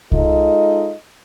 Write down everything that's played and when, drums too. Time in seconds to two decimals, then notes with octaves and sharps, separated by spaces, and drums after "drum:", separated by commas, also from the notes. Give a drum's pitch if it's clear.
0.12 G#3 D#4 F4 A4 D#5, drum: kick C2